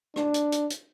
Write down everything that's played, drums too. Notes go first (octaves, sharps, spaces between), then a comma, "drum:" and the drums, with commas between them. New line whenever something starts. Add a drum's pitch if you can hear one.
D4, drum: rim click
drum: hi-hat
drum: hi-hat
drum: hi-hat